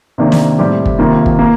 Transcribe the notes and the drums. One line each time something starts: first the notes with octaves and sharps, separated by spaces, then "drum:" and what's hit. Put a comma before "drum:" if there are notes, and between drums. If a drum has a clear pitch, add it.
C3 D#3 A#3 D4
drum: snare
A2 G3 C4 G4
drum: kick
C3 D#3 A#3 F4
drum: kick
A#3